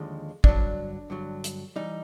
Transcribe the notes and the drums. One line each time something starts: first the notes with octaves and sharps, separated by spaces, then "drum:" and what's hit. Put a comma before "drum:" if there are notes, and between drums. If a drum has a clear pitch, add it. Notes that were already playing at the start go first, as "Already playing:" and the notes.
Already playing: D#2 D3 F3 G#3
G2 D3 F#3 D4, drum: kick
G2 D3 F#3
drum: hi-hat
E3 G3 D#4